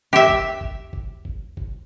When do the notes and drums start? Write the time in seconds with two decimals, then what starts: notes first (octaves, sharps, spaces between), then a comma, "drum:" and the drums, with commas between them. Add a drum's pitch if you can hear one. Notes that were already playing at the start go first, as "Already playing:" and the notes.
0.13 G4 E5
0.29 drum: kick
0.61 drum: kick
0.93 drum: kick
1.25 drum: kick
1.57 drum: kick